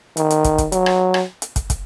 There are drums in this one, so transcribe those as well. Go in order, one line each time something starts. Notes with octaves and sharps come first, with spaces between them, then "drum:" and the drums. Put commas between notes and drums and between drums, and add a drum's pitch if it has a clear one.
D#3, drum: hi-hat
drum: hi-hat
drum: kick, hi-hat
drum: kick, hi-hat
F#3, drum: hi-hat
drum: rim click
drum: rim click
drum: hi-hat
drum: kick, hi-hat
drum: kick, hi-hat